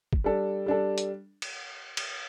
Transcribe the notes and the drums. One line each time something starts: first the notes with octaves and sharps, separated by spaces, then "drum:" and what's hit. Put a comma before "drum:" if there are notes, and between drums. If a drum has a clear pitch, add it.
drum: kick
G3 D4 A4
G3 D4 A4
drum: hi-hat
drum: cymbal
drum: cymbal